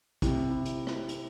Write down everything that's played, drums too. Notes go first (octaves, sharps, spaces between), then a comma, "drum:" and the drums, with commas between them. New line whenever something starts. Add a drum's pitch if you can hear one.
C3 E4, drum: kick, hi-hat
E4
drum: hi-hat
drum: rim click
drum: hi-hat